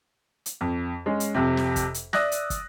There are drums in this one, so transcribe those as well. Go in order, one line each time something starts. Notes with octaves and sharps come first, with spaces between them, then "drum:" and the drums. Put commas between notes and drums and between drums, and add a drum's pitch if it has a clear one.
drum: hi-hat
F2
G#3 C#4
drum: hi-hat
F2 C3
drum: snare
drum: kick, hi-hat
drum: hi-hat
D5 E5 D#6 E6 F#6 A#6, drum: snare
drum: hi-hat
drum: kick, hi-hat